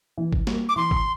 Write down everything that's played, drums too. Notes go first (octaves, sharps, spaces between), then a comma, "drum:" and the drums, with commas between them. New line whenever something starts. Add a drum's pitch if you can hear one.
E3
drum: kick
G3 A#3, drum: snare
D6
E3 C6
drum: kick